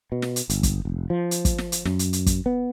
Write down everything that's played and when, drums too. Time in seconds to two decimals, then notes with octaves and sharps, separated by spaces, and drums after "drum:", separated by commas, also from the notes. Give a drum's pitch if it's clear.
0.12 B2
0.22 drum: snare
0.36 drum: hi-hat
0.50 G1, drum: hi-hat
0.63 drum: kick, hi-hat
0.85 F1
1.10 F3
1.31 drum: hi-hat
1.45 drum: kick, hi-hat
1.58 drum: snare
1.72 drum: hi-hat
1.85 F#2, drum: snare
1.99 drum: hi-hat
2.13 drum: hi-hat
2.26 drum: kick, hi-hat
2.46 B3